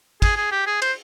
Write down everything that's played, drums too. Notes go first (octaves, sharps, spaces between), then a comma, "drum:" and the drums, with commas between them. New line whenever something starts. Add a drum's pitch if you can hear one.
G#4, drum: kick, cymbal
G#4
G4
G#4
C5, drum: cymbal